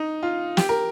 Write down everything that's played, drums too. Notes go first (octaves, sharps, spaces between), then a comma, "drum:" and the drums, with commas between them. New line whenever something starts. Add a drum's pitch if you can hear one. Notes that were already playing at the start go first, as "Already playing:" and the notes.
Already playing: D#4
F4
G4, drum: snare
A#4